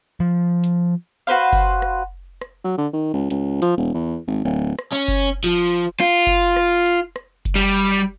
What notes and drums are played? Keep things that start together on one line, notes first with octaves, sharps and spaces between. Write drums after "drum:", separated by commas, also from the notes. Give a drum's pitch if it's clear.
F3
drum: hi-hat
F#4 B4 C5 F5
drum: kick F#1, open hi-hat
drum: rim click
drum: rim click
F#3
D3
D#3
C#2
C#2, drum: hi-hat
F3, drum: hi-hat
E1
E2
G#1
D1
drum: rim click
C#4
drum: kick F#1, hi-hat
F3
drum: hi-hat
F4
drum: kick F#1, open hi-hat
drum: rim click
drum: hi-hat
drum: rim click
drum: kick F#1, hi-hat
G3
drum: hi-hat